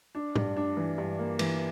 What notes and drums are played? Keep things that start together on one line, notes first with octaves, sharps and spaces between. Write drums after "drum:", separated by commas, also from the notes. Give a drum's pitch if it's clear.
D4
G2, drum: tom
D4
E3
G2
A#3
E3, drum: cymbal